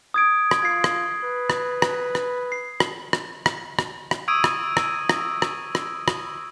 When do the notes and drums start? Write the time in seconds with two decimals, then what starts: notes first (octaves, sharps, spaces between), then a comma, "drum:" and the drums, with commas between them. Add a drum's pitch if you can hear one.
0.14 D#6 G#6 D7
0.51 drum: rim click
0.62 F4 G#6 C7
0.84 drum: rim click
1.23 B4
1.50 drum: rim click
1.82 drum: rim click
2.15 drum: rim click
2.52 C7
2.80 drum: rim click
3.13 drum: rim click
3.46 drum: rim click
3.79 drum: rim click
4.11 drum: rim click
4.28 C#6 D#6 E6 G#6 D7 D#7
4.44 drum: rim click
4.77 drum: rim click
5.09 drum: rim click
5.42 drum: rim click
5.75 drum: rim click
6.08 drum: rim click